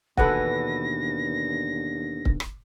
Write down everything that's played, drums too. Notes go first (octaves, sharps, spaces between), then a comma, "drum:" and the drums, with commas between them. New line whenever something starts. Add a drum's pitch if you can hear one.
D#2 B2 D3 E3 A4 B4 F#5 A#6, drum: kick C#1
drum: kick C#1
drum: rim click